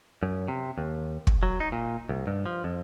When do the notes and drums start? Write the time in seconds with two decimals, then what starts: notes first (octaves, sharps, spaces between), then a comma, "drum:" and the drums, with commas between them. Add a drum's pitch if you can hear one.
0.23 F#2
0.48 C3
0.78 D#2
1.27 drum: kick
1.43 F#3
1.60 D#4
1.72 A#2
2.09 C2
2.27 G2
2.46 F3
2.64 F2